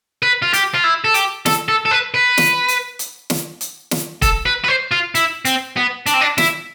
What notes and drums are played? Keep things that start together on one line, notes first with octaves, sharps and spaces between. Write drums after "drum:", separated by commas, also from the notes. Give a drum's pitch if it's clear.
B4
F4
G4, drum: hi-hat
F4
E4
A4
G4, drum: hi-hat
A4, drum: snare
A4
A4
B4
B4
drum: snare
drum: hi-hat
drum: hi-hat
drum: snare
drum: hi-hat
drum: snare
A4, drum: kick, hi-hat
B4
B4
C5
F4
E4, drum: hi-hat
C4, drum: hi-hat
B3
D4, drum: hi-hat
C4
D4
E4, drum: snare